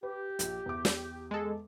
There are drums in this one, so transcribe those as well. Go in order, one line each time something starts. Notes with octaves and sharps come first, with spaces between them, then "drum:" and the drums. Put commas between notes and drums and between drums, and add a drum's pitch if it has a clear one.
G4 B4
A#1, drum: hi-hat
E2 D6
drum: snare
G#3 A4